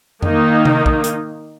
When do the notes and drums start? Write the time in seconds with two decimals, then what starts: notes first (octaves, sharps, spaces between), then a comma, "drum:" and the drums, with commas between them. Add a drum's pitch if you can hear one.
0.22 D#3 A#3 D#4, drum: tom F2
0.65 drum: tom C3
0.86 drum: kick
1.04 drum: hi-hat